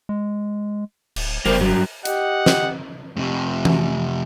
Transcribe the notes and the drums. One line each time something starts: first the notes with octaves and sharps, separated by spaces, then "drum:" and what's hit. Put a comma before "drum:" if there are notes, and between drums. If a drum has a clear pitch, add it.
G#3
D1, drum: cymbal
F#1 G3 A#4 C5, drum: open hi-hat
G2 F#3
G4 D#5 F#5, drum: hi-hat
drum: snare
F2 C3
drum: tom E3